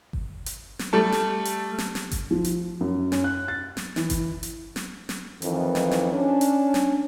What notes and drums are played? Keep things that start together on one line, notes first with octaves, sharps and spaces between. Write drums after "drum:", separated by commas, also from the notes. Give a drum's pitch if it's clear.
drum: kick G1
drum: hi-hat
drum: snare
G3 A3 A4
drum: snare
drum: hi-hat
drum: snare
drum: snare
drum: kick G1, hi-hat
F3
drum: hi-hat
F#2
C#4, drum: snare
F#6
A6
drum: snare
E3, drum: snare
drum: kick G1, hi-hat
drum: hi-hat
drum: snare
drum: snare
F2 D#3 E3, drum: hi-hat
drum: snare
drum: snare
C#4 D4
drum: hi-hat
drum: snare